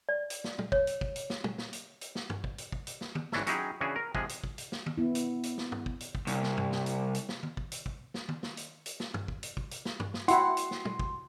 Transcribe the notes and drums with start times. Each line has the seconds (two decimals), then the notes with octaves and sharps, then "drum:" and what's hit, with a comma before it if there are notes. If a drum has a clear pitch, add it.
0.09 D5
0.30 drum: hi-hat
0.44 drum: snare
0.59 drum: tom
0.72 C#5, drum: kick
0.87 drum: hi-hat
1.01 drum: kick
1.16 drum: hi-hat
1.30 drum: snare
1.44 drum: tom
1.58 drum: snare
1.73 drum: hi-hat
2.01 drum: hi-hat
2.15 drum: snare
2.30 drum: tom
2.44 drum: kick
2.58 drum: hi-hat
2.72 drum: kick
2.87 drum: hi-hat
3.01 drum: snare
3.15 drum: tom
3.32 G#1 E3 D4 C#5 E5 A5, drum: snare
3.47 F#3 C#4 D#4 E4 G4 G#4, drum: hi-hat
3.81 C#3 E3 C#4 D4 F#4 G#4
3.96 A#4
4.15 C3 F3 G#3 G#4, drum: kick
4.29 drum: hi-hat
4.44 drum: kick
4.58 drum: hi-hat
4.72 drum: snare
4.86 drum: tom
4.98 B3 E4
5.15 drum: hi-hat
5.43 drum: hi-hat
5.58 drum: snare
5.72 drum: tom
5.86 drum: kick
6.00 drum: hi-hat
6.15 drum: kick
6.27 C2, drum: hi-hat
6.43 drum: snare
6.57 drum: tom
6.72 drum: snare
6.86 drum: hi-hat
7.14 drum: hi-hat
7.29 drum: snare
7.43 drum: tom
7.57 drum: kick
7.72 drum: hi-hat
7.86 drum: kick
8.14 drum: snare
8.29 drum: tom
8.43 drum: snare
8.57 drum: hi-hat
8.86 drum: hi-hat
9.00 drum: snare
9.14 drum: tom
9.28 drum: kick
9.43 drum: hi-hat
9.57 drum: kick
9.71 drum: hi-hat
9.85 drum: snare
10.00 drum: tom
10.14 drum: snare
10.28 E4 F#4 F#5 G5 C6, drum: hi-hat
10.57 drum: hi-hat
10.71 drum: snare
10.85 drum: tom
11.00 drum: kick